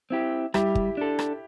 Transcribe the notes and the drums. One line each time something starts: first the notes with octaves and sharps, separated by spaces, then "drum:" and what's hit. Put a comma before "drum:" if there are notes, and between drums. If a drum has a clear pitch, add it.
C4 E4 G4
G3 E4 G4, drum: rim click
drum: kick G1
D4 A4
drum: rim click